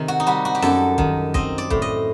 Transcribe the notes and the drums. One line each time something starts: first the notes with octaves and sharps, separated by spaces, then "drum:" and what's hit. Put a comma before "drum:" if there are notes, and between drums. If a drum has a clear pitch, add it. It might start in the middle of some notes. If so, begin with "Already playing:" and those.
Already playing: C3 D#3
F#4
D#4
G3 F#4
F#4
G4
F#2 A4, drum: snare
D#3, drum: kick
C4 D#5, drum: kick
D5
A2, drum: kick
D#5